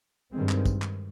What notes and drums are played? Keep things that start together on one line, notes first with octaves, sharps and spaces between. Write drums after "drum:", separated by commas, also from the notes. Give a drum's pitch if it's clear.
G2 D#3 G#3 C4
drum: clap
drum: kick, tambourine
drum: clap